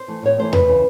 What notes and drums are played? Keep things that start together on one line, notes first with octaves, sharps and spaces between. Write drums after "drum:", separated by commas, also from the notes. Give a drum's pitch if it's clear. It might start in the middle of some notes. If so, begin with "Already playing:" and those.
Already playing: C5
E3 A3
A2 C#5
E3 A3 C5
F#2 B4, drum: tom E2
C#3 E3